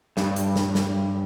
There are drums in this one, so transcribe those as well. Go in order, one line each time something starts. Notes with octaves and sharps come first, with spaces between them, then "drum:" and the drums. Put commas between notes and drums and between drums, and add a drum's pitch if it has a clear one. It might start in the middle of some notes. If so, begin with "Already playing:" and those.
G2, drum: snare
drum: hi-hat
drum: snare
drum: snare